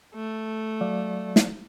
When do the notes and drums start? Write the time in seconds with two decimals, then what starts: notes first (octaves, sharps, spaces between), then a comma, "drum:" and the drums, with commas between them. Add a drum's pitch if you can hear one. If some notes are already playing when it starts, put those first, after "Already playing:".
0.15 A3
0.81 F#3 D5 F5
1.36 drum: snare